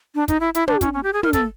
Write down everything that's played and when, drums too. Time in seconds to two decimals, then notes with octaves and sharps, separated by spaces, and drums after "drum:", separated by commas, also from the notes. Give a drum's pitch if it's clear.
0.15 D4
0.28 D#4, drum: kick, hi-hat
0.40 E4
0.54 E4, drum: hi-hat
0.68 D4, drum: tom
0.81 C#4, drum: kick, hi-hat
0.93 C#4
1.03 G4
1.13 G#4
1.23 A#4, drum: tom
1.33 A4, drum: kick, hi-hat